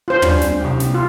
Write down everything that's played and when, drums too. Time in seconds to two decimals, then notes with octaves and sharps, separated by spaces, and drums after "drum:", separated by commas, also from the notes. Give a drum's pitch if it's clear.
0.08 F4 C5
0.22 G3 C#4 D4, drum: tom
0.41 drum: snare
0.61 C2 G4
0.80 drum: snare
0.94 F4